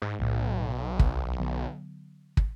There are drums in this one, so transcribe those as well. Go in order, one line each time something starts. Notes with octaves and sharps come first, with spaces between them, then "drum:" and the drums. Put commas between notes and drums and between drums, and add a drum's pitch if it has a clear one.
G#2
B1 A2 D3 A3
C#2, drum: kick
D3 F#3 B3
drum: kick